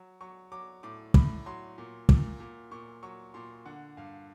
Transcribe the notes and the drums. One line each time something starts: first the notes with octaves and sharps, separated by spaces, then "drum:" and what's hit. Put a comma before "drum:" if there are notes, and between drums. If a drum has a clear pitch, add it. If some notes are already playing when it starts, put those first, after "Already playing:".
Already playing: F#3
F#3 C#6
F#3 D6
A2 D6
A2 B5, drum: kick
F#3 C6
A#2
A#2, drum: kick
A#2
A#2 C#6
F#3 C#6
A#2 C6
D3 F#5
G2 F5